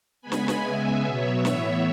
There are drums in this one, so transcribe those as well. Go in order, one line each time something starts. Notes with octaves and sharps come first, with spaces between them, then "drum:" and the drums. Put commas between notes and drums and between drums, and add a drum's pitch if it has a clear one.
C#3 G#3 B3 G#5 B5
drum: snare
drum: snare
C#3 G#3 B3 E5 G#5
B2 F#3 B3 C#5 E5
A2 E3 B3 C#5 E5, drum: snare